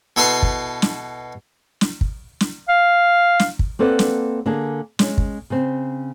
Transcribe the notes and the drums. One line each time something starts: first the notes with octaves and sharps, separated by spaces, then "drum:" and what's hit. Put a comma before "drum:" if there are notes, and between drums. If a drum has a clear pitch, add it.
B2 E4 A4 B4 A5 C6
drum: kick
drum: snare
drum: snare
drum: kick
drum: snare
F5
drum: snare
drum: kick
A#3 C4 A4 B4 D5 F#5
drum: snare
D3 A#3 D4 G#4
G#3 C#4, drum: snare
drum: kick
C#3 C4